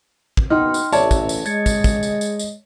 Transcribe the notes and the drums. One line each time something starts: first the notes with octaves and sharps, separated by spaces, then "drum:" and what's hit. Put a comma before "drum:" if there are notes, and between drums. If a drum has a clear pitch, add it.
drum: kick
F#1 B2 D#4 F#5 G5 C6 F6
drum: tambourine
A1 C#5 D5 E5 A5, drum: tambourine
drum: kick, tambourine
drum: tambourine
G#3 D#5 G#6 A6 C#7, drum: tambourine
drum: kick, tambourine
drum: kick, tambourine
drum: tambourine
drum: tambourine
drum: tambourine